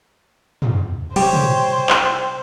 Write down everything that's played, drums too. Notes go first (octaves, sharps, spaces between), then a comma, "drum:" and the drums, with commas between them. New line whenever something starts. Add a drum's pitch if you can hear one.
drum: tom
C3 G3 G4 C5 C#5 G5, drum: cymbal
drum: tom
drum: clap